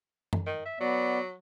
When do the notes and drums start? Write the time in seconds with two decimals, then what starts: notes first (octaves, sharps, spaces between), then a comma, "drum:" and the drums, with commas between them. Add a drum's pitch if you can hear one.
0.33 drum: tom F#2
0.46 D#3
0.66 E5
0.80 F#3 B3 D5